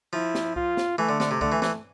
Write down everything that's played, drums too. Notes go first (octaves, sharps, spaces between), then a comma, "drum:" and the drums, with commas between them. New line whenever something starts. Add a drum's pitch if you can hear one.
F3 E4
drum: snare
F4, drum: kick C2
drum: snare
E3 A3
D3
D3, drum: snare
C3
D3 A3, drum: kick C2
E3
E3, drum: snare